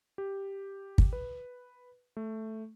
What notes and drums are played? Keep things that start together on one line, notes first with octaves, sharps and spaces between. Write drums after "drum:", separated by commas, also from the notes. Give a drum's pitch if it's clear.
G4
drum: kick
B4
A3